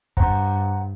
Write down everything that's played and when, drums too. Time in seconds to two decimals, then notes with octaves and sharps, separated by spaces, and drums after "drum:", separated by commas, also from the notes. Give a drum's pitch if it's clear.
0.17 G2 C5 F#5 A#5, drum: kick